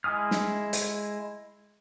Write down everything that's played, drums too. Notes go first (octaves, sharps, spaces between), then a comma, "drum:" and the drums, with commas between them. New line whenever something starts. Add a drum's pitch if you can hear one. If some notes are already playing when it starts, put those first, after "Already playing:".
G#3 E4 G#5 D#6 F6
drum: snare
drum: hi-hat